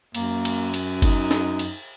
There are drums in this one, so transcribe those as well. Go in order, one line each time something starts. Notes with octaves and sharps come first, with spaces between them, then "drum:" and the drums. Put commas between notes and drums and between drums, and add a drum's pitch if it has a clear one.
F#2 A#3, drum: cymbal
drum: cymbal
drum: cymbal
D#4, drum: kick G1, cymbal
drum: snare
drum: cymbal